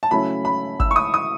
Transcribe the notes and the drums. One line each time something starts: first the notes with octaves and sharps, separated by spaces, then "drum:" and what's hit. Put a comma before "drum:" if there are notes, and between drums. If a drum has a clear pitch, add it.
A5
C#3 F#3 A3 C#4 E4 B5
B5
E6, drum: kick G1
C#6
D#6
D#6